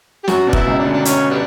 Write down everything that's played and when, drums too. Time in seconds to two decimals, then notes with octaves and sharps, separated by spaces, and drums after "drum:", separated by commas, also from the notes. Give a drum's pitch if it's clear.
0.24 G4
0.28 F#2 F#3 F#4, drum: snare
0.47 B2 D4
0.53 E4, drum: kick F1
0.67 C#2 C#3
0.79 D4
0.86 D2 D3
0.93 D4
1.05 C#4, drum: hi-hat
1.31 G3 B3 D4